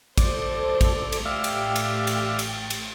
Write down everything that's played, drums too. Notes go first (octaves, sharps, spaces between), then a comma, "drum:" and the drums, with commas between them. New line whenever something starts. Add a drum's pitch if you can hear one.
A4 C5 D5, drum: kick, cymbal
drum: kick, cymbal
drum: cymbal
A1 A3 G4 D5 E5 F5
drum: cymbal
drum: cymbal
drum: cymbal
drum: cymbal
drum: cymbal